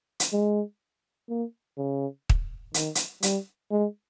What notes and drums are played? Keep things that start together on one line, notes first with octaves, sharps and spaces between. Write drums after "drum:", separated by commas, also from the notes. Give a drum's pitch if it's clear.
drum: hi-hat
G#3
A#3
C#3
drum: kick
D#3, drum: hi-hat
drum: hi-hat
G3, drum: hi-hat
G#3